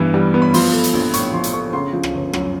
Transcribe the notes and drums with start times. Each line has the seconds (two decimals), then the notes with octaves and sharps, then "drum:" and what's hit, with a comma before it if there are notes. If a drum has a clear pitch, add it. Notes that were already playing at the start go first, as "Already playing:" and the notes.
Already playing: G2 E3 B3
0.14 G3
0.34 B3
0.42 B5
0.54 F3 C6, drum: open hi-hat
0.73 A3
0.84 drum: hi-hat
0.93 A#1
1.14 A2 C#6, drum: hi-hat
1.34 F3 C6
1.44 drum: hi-hat
1.53 A3 C#6
1.73 C#3 C6
1.93 F3
2.03 drum: rim click
2.13 G1
2.33 F#2, drum: rim click